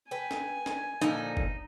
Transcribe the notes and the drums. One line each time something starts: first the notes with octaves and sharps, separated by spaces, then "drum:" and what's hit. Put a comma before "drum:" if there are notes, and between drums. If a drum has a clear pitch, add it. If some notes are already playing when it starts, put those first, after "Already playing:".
B4 G5 G#5
drum: snare
drum: snare
A#2 D3 F3 D#4, drum: hi-hat
drum: kick F#1